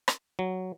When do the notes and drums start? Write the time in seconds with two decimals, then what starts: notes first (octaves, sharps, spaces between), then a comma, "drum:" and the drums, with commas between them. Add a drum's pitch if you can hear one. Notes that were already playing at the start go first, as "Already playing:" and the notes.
0.08 drum: rim click
0.39 F#3